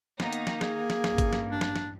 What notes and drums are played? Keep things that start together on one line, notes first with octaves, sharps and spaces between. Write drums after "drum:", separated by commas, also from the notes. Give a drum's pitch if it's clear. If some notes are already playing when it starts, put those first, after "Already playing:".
D#3 A#3 B3 D#4, drum: snare
drum: hi-hat
drum: snare
G#4, drum: snare
drum: snare
A1 G2, drum: snare
drum: kick, hi-hat
drum: snare
D4
drum: snare
drum: snare